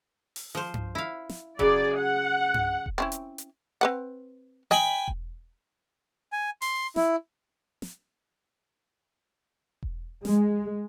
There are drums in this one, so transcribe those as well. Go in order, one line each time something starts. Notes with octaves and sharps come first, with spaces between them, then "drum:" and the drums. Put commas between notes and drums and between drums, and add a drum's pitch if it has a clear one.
drum: open hi-hat
F3 C5
drum: tom G2
E4 F5
drum: snare
C#3 F#3 G#4 D5, drum: kick E1
F#5
drum: tom G2
drum: kick E1
C4 C#4 E4
drum: hi-hat
drum: hi-hat
C4 B4 F#5
D#5 G5 G#5 B5
drum: kick E1
G#5
C6, drum: open hi-hat
E4, drum: snare
drum: snare
drum: kick E1
G#3, drum: snare